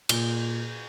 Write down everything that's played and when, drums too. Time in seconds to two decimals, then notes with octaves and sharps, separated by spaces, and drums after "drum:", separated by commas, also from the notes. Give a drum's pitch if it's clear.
0.09 A#2 G7, drum: cymbal